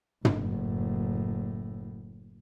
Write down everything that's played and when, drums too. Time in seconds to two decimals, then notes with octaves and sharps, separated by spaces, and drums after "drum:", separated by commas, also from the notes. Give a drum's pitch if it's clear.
0.25 F#1 A2, drum: tom